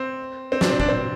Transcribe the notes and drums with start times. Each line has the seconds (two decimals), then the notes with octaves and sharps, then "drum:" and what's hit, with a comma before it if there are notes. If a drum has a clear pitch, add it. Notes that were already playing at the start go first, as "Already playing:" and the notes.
Already playing: C4
0.52 C4
0.61 D4, drum: snare
0.70 C4
0.80 D4, drum: kick
0.89 C4